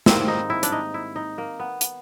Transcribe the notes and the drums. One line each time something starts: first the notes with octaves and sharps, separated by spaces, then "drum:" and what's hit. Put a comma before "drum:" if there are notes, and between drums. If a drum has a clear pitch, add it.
G#2 D#3 G3 A#3 C4, drum: snare
D#4
E4
D4, drum: hi-hat
D#4
E4
D#4
A#3
B3
drum: hi-hat